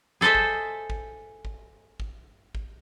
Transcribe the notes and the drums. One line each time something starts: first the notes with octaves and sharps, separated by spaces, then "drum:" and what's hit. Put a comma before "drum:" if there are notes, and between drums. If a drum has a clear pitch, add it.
G#4 A4 C5 D#5 E5
drum: kick G#1
drum: kick G#1
drum: kick G#1
drum: kick G#1
drum: kick G#1